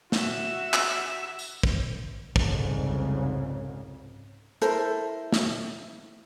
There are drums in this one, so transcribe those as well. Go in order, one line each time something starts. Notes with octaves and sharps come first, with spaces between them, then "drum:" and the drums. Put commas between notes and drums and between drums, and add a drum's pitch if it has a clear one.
F#4 E5, drum: snare
drum: clap
drum: tambourine
drum: kick
C2 F2 G#2 C#3, drum: kick
E4 A4 A#4 C5, drum: hi-hat
drum: snare